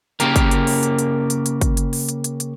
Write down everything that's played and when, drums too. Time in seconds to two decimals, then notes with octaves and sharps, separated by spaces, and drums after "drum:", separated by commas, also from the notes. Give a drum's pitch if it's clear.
0.20 C#3 A#3 G4 A#4, drum: hi-hat
0.36 drum: kick, hi-hat
0.51 drum: hi-hat
0.67 drum: open hi-hat
0.83 drum: hi-hat
0.99 drum: hi-hat
1.30 drum: hi-hat
1.46 drum: hi-hat
1.61 drum: kick, hi-hat
1.77 drum: hi-hat
1.93 drum: open hi-hat
2.09 drum: hi-hat
2.24 drum: hi-hat
2.40 drum: hi-hat